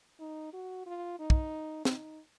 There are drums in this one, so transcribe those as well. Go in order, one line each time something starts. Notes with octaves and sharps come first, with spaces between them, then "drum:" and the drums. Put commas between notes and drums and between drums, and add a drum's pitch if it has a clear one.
D#4
F#4
F4
D#4
drum: kick
D#4, drum: snare